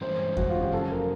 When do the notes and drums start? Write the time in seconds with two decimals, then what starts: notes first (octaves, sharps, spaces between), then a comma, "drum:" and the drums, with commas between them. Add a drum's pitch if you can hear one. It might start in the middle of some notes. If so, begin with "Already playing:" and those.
0.01 G2 E3 G#3 C#4 C5
0.37 F#4, drum: kick E2
0.49 F4
0.61 G4
0.72 F#2 C#3 F3 A4
0.91 A#4